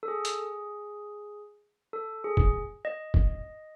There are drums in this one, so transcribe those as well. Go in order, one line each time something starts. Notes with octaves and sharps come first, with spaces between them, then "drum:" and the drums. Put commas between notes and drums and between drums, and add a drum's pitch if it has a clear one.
A4
G#4
drum: hi-hat
A4
G#4
drum: kick
D#5
drum: kick